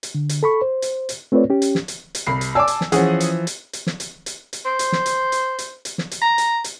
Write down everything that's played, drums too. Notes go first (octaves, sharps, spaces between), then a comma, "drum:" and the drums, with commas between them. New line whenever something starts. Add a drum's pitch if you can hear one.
drum: hi-hat
D3
drum: hi-hat
A4 B5 C#6
C5
drum: hi-hat
drum: hi-hat
A3 C4 F4 B4 C#5 D5
C#4 G4
drum: hi-hat
drum: snare
drum: hi-hat
drum: hi-hat
C2 B5 C7
drum: hi-hat
D5 G#5 A5 D6 E6
drum: hi-hat
drum: snare
E3 F3 C#4 G#4 F#5, drum: hi-hat
drum: hi-hat
drum: hi-hat
drum: hi-hat
drum: snare
drum: hi-hat
drum: hi-hat
drum: hi-hat
C5
drum: hi-hat
drum: snare
drum: hi-hat
drum: hi-hat
drum: hi-hat
drum: hi-hat
drum: snare
drum: hi-hat
A#5
drum: hi-hat
drum: hi-hat